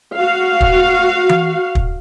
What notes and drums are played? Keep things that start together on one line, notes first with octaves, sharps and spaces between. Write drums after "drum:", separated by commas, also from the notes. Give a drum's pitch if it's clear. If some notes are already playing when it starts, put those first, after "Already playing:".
F#4 F5
drum: kick
drum: tom E3
drum: kick